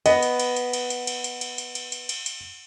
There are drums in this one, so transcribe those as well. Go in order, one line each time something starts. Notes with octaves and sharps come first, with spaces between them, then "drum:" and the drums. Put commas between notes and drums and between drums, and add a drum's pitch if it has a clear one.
B3 D#5, drum: cymbal
drum: cymbal
drum: cymbal
drum: cymbal
drum: cymbal
drum: cymbal
drum: cymbal
drum: cymbal
drum: cymbal
drum: cymbal
drum: cymbal
drum: cymbal
drum: cymbal
drum: cymbal